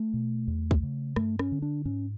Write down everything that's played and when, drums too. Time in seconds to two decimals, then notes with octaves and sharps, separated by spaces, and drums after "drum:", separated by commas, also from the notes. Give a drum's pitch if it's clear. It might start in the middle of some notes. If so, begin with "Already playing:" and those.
Already playing: A3
0.14 B2
0.47 E2
0.71 drum: kick
0.83 C#3
1.16 G2 A3, drum: rim click
1.39 C#4, drum: rim click
1.52 D3
1.62 D4
1.85 G#2 C#4